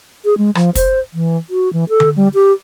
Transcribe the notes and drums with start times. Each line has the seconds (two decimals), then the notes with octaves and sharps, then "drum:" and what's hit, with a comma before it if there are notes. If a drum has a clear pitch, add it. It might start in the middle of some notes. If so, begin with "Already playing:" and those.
0.25 G#4
0.38 G#3
0.55 F3, drum: rim click
0.75 C5, drum: kick, hi-hat
1.14 E3
1.50 F#4
1.73 E3
1.89 A4
2.00 drum: tom D3
2.16 G3
2.34 G4